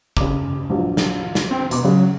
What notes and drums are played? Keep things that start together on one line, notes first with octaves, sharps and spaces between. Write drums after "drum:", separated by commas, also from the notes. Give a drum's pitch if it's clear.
C#3 D6, drum: kick
A#1 E3 F#3
drum: snare
drum: snare
C4
B2 C6 D6, drum: hi-hat
C#3 F#3